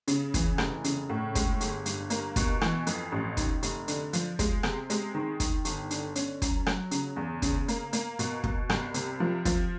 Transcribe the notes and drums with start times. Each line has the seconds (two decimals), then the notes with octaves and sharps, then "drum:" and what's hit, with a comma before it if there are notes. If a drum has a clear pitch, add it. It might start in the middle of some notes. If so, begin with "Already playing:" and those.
0.08 C#3, drum: hi-hat
0.34 E3, drum: kick, hi-hat
0.58 F1, drum: rim click
0.84 C#3, drum: hi-hat
1.10 A2
1.35 G#3, drum: kick, hi-hat
1.61 G1, drum: hi-hat
1.86 G2, drum: hi-hat
2.10 A#3, drum: hi-hat
2.36 B2, drum: kick, hi-hat
2.61 E3, drum: rim click
2.87 F2, drum: hi-hat
3.12 A1
3.37 D#3, drum: kick, hi-hat
3.63 F1, drum: hi-hat
3.88 D3, drum: hi-hat
4.13 F3, drum: hi-hat
4.39 G#3, drum: kick, hi-hat
4.63 C3, drum: rim click
4.90 G#3, drum: hi-hat
5.15 D#3
5.40 D#3, drum: kick, hi-hat
5.65 G1, drum: hi-hat
5.91 D3, drum: hi-hat
6.15 C#4, drum: hi-hat
6.42 F#2, drum: kick, hi-hat
6.66 F#3, drum: rim click
6.91 C#3, drum: hi-hat
7.16 E2
7.42 C#3, drum: kick, hi-hat
7.68 A#3, drum: hi-hat
7.93 A#3, drum: hi-hat
8.19 B2, drum: hi-hat
8.44 B2, drum: kick
8.70 C2, drum: rim click
8.94 C3, drum: hi-hat
9.20 F3
9.45 F3, drum: kick, hi-hat